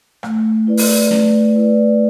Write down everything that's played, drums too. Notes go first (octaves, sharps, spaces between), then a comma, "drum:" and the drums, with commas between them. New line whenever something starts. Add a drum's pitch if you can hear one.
A3, drum: rim click
E4 B4 D5
drum: open hi-hat
A3, drum: snare
E4 B4 D5